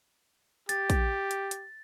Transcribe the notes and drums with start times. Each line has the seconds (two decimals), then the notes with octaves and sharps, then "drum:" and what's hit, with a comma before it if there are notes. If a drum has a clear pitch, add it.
0.69 G4 A6, drum: hi-hat
0.90 drum: kick A#1, hi-hat
1.31 drum: hi-hat
1.51 drum: hi-hat